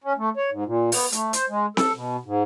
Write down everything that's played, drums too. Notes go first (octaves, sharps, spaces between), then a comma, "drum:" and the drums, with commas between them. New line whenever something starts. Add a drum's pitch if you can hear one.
C#4
A3
C#5
G#2
A#2
B3, drum: open hi-hat
A3, drum: hi-hat
C5, drum: hi-hat
G#3
A4, drum: snare C4
B2
G#2